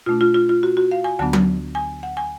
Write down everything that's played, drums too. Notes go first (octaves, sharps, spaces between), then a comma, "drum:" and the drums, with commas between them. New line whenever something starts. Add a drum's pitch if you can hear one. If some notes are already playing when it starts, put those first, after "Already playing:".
B2 A3 D4 F4
F4
F4
F4
F#4
F#4
F5
G#5
D2 D3 F#3 B3 D4 A5
drum: tom F#3
G#5
F#5
G#5